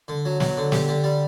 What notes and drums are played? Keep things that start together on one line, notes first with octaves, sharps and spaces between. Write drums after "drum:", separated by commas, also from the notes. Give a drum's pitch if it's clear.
D3
F#3
F#3, drum: snare
D3
G4, drum: snare
D3
G3